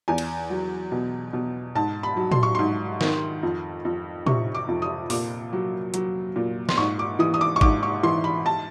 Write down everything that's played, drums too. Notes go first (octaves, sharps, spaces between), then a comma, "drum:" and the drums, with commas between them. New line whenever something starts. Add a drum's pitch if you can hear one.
E2 G#5
drum: cymbal
F#3
B2
B2
G#2 A5
B5
F#3
C6, drum: tom
C#6
G#2 C6
D#3, drum: snare
F2
F2
C3 C#6, drum: tom
D6
F2
D#6
A#2 D6, drum: open hi-hat
F#3
F#3, drum: hi-hat
A#2
C6, drum: snare
G#2 C#6
D6
E3 D#6
D#6
D6
C#6
G#2 D6, drum: kick
C#6
E3 C6
B5
A5